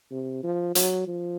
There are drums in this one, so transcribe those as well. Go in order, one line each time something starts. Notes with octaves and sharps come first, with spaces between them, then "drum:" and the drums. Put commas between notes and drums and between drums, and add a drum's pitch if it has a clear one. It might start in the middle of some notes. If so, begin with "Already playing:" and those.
C3
F3
F#3, drum: hi-hat
F3